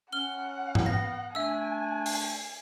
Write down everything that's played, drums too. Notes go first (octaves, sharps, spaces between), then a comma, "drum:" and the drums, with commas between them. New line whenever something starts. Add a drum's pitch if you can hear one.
C#4 F#5 F6 G7
drum: tom G#2
B3 A#6
A3 D4 E5 G#5 E6
drum: open hi-hat